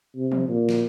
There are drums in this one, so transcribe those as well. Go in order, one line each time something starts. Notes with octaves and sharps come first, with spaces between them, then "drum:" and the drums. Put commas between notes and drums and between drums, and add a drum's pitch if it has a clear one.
C3
drum: tom E3
A#2
drum: snare